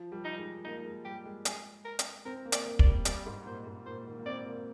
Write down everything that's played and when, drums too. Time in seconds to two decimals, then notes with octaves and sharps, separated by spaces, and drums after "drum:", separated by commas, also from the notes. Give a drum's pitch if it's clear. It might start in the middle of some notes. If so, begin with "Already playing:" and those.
Already playing: F3
0.12 G3
0.25 D#4
0.38 G#3
0.64 A#3 D#4
0.85 G#3
1.05 G3 G4
1.25 G#3
1.45 G#4, drum: hi-hat
1.85 A#4
1.99 drum: hi-hat
2.25 C4 A#4
2.45 A#3
2.52 D5, drum: hi-hat
2.66 A#3
2.79 D5, drum: kick
2.86 G3
3.05 G3 D5, drum: hi-hat
3.26 G#2
3.46 A#2 C5
3.67 G#2
3.86 A#2 C5
4.06 D#3
4.18 A#3
4.26 C4 D5
4.46 A#3